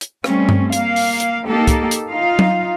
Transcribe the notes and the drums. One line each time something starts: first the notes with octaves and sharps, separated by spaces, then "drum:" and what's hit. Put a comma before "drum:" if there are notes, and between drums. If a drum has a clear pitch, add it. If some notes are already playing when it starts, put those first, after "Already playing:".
drum: hi-hat
G3 A3 C4 C#4, drum: rim click
drum: tom G2
A#3 F5, drum: hi-hat
drum: open hi-hat
drum: hi-hat
A#3 D#4 G4 A4
drum: kick, hi-hat
drum: hi-hat
D#4 F4 F5
drum: tom